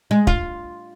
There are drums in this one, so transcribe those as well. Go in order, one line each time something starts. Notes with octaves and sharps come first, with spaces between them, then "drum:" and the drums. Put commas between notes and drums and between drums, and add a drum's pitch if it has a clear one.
G#3
F4, drum: kick